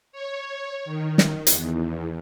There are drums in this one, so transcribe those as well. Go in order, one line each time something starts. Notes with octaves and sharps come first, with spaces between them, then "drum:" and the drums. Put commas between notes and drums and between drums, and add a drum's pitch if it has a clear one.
C#5
D#3
drum: snare
E2, drum: hi-hat